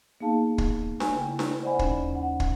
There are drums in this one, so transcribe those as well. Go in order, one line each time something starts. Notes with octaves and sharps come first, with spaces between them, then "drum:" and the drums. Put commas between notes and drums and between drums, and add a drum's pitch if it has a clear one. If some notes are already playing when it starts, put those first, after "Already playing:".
A#3 B3 D#4 G#4 F5 A5
drum: kick
G#5, drum: snare D4
C#3 E4 G5
drum: snare D4
C5 D5 D#5 F#5 G#5 B5
D#2 C#4 B5, drum: kick
F#5
drum: kick